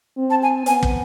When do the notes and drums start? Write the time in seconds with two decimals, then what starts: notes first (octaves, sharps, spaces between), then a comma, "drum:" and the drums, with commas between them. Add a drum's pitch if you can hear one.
0.18 C4
0.30 A5
0.43 G#5
0.66 B3 G#5, drum: hi-hat
0.83 drum: kick